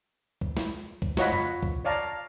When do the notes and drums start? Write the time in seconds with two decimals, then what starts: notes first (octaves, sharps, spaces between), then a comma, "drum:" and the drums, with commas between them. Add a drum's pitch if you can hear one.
0.41 drum: kick C2
0.57 drum: snare
1.02 drum: kick C2
1.17 F4 F#4 C#5 D#5 F#5 B5, drum: snare
1.32 drum: tom F2
1.63 drum: kick C2
1.85 C#5 D5 F5 A5 A#5